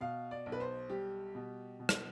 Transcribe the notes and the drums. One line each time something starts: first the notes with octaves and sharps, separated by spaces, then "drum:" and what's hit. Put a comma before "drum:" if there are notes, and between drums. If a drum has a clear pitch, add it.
B2 F5
D5
B1
B4
C5
G3 G4
B2
B2
drum: rim click